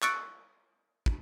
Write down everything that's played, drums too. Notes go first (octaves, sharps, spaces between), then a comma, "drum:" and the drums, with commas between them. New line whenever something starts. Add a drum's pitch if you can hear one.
C#6 E6 F#6 A6 C#7 D7, drum: clap
drum: kick